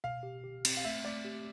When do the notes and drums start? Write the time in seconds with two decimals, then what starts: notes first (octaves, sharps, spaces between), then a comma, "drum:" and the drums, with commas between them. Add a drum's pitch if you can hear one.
0.04 B2 F5
0.23 G4
0.44 G4
0.65 C4, drum: cymbal
0.77 F5
0.85 A3 E5
1.05 A3 D5
1.25 G4